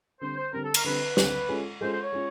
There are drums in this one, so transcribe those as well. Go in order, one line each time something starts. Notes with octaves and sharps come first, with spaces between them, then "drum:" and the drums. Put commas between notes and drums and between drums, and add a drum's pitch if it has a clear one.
D3 G3 C4 C5
C5
D3 G3 C4 A#4
A4
A#4, drum: cymbal
D3 G3 C4 B4
D3 G3 C4, drum: snare
G#3 C#4 F4 A4
G#3 C#4 F4 A4 C5
C5
C#5
G#3 C#4 F4